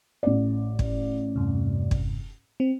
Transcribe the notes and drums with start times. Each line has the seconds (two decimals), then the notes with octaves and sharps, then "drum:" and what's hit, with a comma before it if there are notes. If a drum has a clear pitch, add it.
0.23 A1 D5
0.79 drum: kick
1.36 E2 G2 C3
1.91 drum: kick
2.60 C4